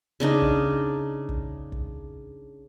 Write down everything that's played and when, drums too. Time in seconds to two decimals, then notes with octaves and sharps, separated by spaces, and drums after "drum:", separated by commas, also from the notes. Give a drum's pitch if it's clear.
0.20 C#3 D4 D#4
0.42 drum: kick
1.29 drum: kick
1.72 drum: kick